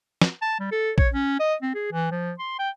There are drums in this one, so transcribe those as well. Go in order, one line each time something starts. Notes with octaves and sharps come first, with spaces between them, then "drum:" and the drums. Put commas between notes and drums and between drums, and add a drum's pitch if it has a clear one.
drum: snare
A5
G3
A4
C#5, drum: kick
C#4
D#5
C4
G#4
E3
F3
C6
G5